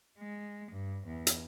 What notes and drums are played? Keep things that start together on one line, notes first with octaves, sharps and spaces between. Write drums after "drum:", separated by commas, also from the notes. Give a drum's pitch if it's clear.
G#3
G2
E2
drum: hi-hat